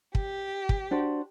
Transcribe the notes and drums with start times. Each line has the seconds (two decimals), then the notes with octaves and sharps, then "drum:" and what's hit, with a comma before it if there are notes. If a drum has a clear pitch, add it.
0.15 G4, drum: kick
0.69 drum: kick
0.91 D4 F#4 C5